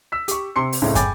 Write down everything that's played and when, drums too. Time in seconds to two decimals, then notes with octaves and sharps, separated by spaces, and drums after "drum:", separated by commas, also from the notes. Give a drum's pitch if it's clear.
0.12 E6 B6
0.28 G4 C#6, drum: hi-hat
0.56 C3 C6 C#7
0.73 drum: open hi-hat
0.82 C#2 A2 C#3 A3 C4
0.95 G5 G#5 B5 D6 G6 A6, drum: kick, hi-hat